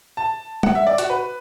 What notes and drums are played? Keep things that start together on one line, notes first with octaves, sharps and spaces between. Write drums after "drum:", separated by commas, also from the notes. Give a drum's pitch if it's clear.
A5
F#5, drum: tom
E5
D5
F#4, drum: hi-hat
B4